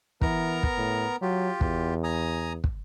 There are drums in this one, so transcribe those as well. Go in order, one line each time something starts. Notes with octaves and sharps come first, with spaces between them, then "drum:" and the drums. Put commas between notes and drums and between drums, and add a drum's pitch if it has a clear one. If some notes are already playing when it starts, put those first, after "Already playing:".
E3 B3 A#4 A#5, drum: kick
drum: kick
A2
F#3 F4 G4
E2, drum: kick
G#5 A#5 D#6
drum: kick